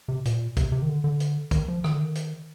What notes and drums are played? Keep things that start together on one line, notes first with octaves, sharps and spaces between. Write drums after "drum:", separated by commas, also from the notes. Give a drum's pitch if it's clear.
C3
A#2, drum: hi-hat
C3, drum: kick, hi-hat
C3
D#3
D3
D3
drum: hi-hat
D#3, drum: kick, hi-hat
F3
D#3, drum: rim click
D3
D#3
drum: hi-hat